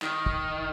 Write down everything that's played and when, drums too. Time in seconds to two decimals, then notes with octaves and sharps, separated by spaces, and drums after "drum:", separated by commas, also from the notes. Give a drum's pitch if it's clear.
0.02 D#3, drum: clap
0.26 drum: kick